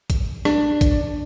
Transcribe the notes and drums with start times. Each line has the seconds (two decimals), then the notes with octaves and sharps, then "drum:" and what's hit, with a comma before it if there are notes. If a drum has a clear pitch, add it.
0.10 drum: kick, hi-hat
0.45 D4, drum: rim click
0.81 drum: kick, hi-hat